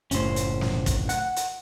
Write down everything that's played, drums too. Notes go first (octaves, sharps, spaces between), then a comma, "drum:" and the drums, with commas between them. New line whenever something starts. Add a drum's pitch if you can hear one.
F#1 A2 C#4 C5, drum: hi-hat
drum: hi-hat
drum: snare
drum: kick, hi-hat
F#5, drum: hi-hat
drum: hi-hat